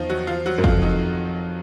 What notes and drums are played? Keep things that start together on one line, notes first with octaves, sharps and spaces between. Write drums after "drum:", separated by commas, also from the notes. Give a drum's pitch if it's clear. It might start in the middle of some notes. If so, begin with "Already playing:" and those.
Already playing: E2 D#3 F3 D#4 F4
F#3 F#4
F3 F4
F#3 F#4
F#2
F2 F3 F4, drum: kick
D#3 D#4